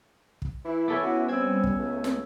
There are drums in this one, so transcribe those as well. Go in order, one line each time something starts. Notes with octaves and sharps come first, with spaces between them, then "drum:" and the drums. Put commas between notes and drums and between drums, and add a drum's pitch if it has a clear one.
drum: kick
E3 E4
B3 A4 C#5 E5 G#5 D6
B3 C#4 F#4
G3 C4 E6 G#6
drum: kick
C#2 A3
drum: snare